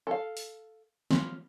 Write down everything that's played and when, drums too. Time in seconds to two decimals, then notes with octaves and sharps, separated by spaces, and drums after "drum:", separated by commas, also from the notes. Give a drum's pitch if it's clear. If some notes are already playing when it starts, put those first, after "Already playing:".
0.07 A4 F5
0.37 drum: open hi-hat
1.11 F4, drum: snare